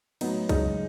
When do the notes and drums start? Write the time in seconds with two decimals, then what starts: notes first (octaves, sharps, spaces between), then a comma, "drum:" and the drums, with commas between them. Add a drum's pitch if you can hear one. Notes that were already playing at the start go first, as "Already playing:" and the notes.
0.21 A2 F#3 B3 D#4, drum: cymbal
0.49 F#2 C#3 G#3 D#4, drum: kick C2, cymbal